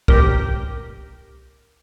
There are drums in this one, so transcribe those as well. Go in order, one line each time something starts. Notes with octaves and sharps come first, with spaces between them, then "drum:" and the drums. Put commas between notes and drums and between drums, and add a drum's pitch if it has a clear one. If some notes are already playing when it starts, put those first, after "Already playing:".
G4 A#4, drum: kick C2